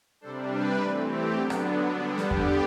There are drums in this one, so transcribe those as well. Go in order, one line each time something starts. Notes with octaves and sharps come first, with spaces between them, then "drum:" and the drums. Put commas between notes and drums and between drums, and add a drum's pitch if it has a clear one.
C3 G3 D4 A4 C5
B4 D5
E3 A3 C4 G4 B4
G4
D3 F#3 B3 D4 G4
drum: rim click
D3 G3 B3 D4
G4, drum: snare
drum: kick E2